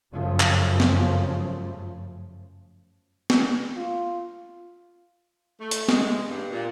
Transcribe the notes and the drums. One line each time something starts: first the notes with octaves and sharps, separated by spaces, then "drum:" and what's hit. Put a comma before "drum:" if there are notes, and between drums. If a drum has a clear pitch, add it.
G1 F#2 C#3 F3 A3
drum: clap
drum: snare
drum: snare
F4
A3
drum: hi-hat
G#3, drum: snare
G2
A#2